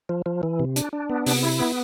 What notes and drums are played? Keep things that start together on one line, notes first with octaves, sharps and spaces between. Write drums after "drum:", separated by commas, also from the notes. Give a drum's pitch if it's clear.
F3
F3
E3
C3
D4, drum: hi-hat
D4
B3
C3, drum: open hi-hat
E4
B3